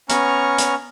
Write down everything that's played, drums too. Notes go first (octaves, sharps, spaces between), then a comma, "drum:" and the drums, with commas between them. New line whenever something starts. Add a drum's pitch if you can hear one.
B3 C#4 A#5 C#6 F6, drum: hi-hat
drum: hi-hat